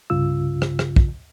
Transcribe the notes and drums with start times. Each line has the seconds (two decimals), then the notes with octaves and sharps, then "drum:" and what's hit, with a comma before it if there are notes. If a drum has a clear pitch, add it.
0.10 C2 G2 C#3 F4 E6
0.62 drum: rim click
0.79 drum: rim click
0.96 drum: kick